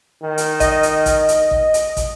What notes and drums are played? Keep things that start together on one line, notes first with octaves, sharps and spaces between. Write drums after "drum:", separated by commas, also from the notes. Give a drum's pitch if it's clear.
D#3
drum: hi-hat
D#5, drum: kick, hi-hat
drum: hi-hat
drum: kick, hi-hat
drum: hi-hat
drum: kick
drum: hi-hat
drum: kick, hi-hat